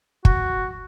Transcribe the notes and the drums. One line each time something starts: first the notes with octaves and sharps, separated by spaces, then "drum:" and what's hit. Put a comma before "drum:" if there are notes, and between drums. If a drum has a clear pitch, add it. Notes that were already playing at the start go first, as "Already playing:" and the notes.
F#4, drum: kick